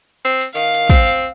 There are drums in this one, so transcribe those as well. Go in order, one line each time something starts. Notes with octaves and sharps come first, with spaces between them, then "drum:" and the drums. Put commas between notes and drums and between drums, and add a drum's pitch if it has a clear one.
C4, drum: hi-hat
drum: hi-hat
D#3 F5, drum: hi-hat
drum: hi-hat
C4, drum: kick, hi-hat
drum: hi-hat